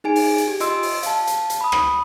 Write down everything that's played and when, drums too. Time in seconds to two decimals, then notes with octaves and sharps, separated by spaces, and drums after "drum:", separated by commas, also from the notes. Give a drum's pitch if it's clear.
0.04 D#4 G#4 G#5 D7
0.16 drum: open hi-hat
0.38 drum: hi-hat
0.47 G4
0.60 F4 D#5 C6 E6 D7, drum: hi-hat
0.83 drum: open hi-hat
1.03 F5 A5, drum: hi-hat
1.27 drum: hi-hat
1.50 drum: hi-hat
1.61 B5 D#6
1.72 drum: rim click